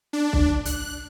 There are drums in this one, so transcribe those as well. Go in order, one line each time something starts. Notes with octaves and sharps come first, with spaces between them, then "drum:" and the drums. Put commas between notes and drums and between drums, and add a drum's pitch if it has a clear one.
D4
drum: kick B1
F#6, drum: hi-hat